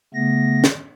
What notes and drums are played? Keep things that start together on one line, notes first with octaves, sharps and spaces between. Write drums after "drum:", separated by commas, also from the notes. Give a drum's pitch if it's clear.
C#3 A3 B3 A#6
drum: snare